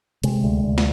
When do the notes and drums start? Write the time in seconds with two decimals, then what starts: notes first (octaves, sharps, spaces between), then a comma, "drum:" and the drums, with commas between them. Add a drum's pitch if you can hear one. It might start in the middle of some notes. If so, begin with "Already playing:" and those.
0.23 C3 G#3, drum: hi-hat
0.44 D2
0.64 D2
0.78 drum: snare